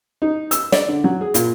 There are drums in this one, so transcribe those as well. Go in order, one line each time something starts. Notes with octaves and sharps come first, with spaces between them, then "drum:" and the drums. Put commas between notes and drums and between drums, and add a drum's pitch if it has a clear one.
D#4
E6, drum: hi-hat
D5, drum: snare
D3
F#3
G#4
A#2, drum: hi-hat